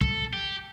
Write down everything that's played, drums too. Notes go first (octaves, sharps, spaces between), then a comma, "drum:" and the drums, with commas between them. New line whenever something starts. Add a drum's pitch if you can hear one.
A4, drum: kick
G4